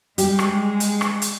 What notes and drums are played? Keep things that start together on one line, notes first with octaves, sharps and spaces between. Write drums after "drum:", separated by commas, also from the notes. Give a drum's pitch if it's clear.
G3 G#3 G4, drum: hi-hat
drum: rim click
drum: hi-hat
drum: rim click
drum: hi-hat